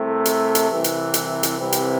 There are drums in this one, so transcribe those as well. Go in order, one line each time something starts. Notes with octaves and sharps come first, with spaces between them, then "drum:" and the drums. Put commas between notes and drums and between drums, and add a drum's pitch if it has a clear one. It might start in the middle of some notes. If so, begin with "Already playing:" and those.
Already playing: C2 C3 A3
drum: hi-hat
drum: hi-hat
C2 C3 E3
drum: hi-hat
drum: hi-hat
drum: hi-hat
C2 C3 E3 C4
drum: hi-hat